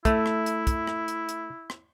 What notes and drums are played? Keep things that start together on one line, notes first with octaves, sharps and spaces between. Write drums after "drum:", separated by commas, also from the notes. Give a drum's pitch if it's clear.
A3 E4, drum: kick, hi-hat
drum: rim click
drum: hi-hat
drum: kick, hi-hat
drum: rim click
drum: hi-hat
drum: hi-hat
drum: rim click